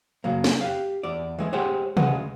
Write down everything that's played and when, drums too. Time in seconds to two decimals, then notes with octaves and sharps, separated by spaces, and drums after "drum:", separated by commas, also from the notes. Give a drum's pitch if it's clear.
0.24 C#3 F#3 A#3
0.44 drum: snare
0.61 G4 F5
1.03 E2 D5
1.39 E3 G#3 A3
1.53 G#3 G4 G#4 C5 C#5 F#5
1.97 D2 C#3 G#3 B4 F#5, drum: tom C3